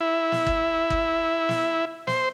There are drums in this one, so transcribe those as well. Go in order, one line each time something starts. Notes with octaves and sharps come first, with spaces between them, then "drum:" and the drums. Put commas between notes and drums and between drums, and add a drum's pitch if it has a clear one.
E4
drum: snare
drum: kick
drum: kick
drum: snare
C5, drum: snare